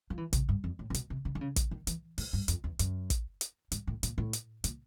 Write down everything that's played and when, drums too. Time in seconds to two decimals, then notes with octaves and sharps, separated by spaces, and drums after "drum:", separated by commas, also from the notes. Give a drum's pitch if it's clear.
0.10 F3
0.18 E3
0.33 C3, drum: kick, hi-hat
0.49 G2
0.64 F2
0.79 A2
0.90 C3
0.94 B2, drum: hi-hat
1.10 C3
1.25 C#3
1.35 D3
1.41 C#3
1.56 D3, drum: kick, hi-hat
1.71 D#3
1.87 E3, drum: hi-hat
2.18 A2, drum: open hi-hat
2.33 G2
2.48 F2, drum: hi-hat
2.64 E2
2.79 F#2, drum: hi-hat
3.10 drum: kick, hi-hat
3.41 drum: hi-hat
3.72 G#2, drum: hi-hat
3.87 A2
4.03 A#2, drum: hi-hat
4.18 A2
4.33 drum: hi-hat
4.64 A#2, drum: hi-hat